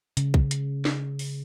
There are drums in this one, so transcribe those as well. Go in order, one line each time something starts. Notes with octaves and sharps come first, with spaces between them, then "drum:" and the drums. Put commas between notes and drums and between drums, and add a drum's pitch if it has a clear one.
C#3, drum: hi-hat
drum: kick
drum: hi-hat
drum: snare
drum: open hi-hat